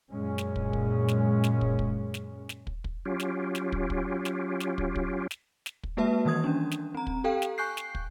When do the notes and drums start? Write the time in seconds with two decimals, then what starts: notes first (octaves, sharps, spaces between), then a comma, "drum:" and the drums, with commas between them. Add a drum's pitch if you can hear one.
0.11 F#2 A#2 G#3 C#4
0.38 drum: snare
0.56 drum: kick
0.73 drum: kick
1.08 drum: snare
1.44 drum: snare
1.61 drum: kick
1.79 drum: kick
2.14 drum: snare
2.49 drum: snare
2.67 drum: kick
2.84 drum: kick
3.06 F#3 C#4 F4 G4
3.20 drum: snare
3.55 drum: snare
3.72 drum: kick
3.90 drum: kick
4.25 drum: snare
4.60 drum: snare
4.78 drum: kick
4.95 drum: kick
5.31 drum: snare
5.66 drum: snare
5.83 drum: kick
5.97 G#3 A#3 F#4 B4 E5 A5
6.25 D#3 E3 G3 D#6 G#6
6.44 C#4 D4
6.71 drum: snare
6.94 C4 A#5
7.07 drum: kick
7.24 G4 A4 F5 G5
7.42 drum: snare
7.58 G#5 C#6 F#6 G6 C7
7.77 drum: snare
7.95 drum: kick